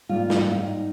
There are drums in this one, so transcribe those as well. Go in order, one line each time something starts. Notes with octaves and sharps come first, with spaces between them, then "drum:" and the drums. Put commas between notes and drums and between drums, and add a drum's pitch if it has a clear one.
G#2 G3 A#3 F4
drum: snare
F4
D#4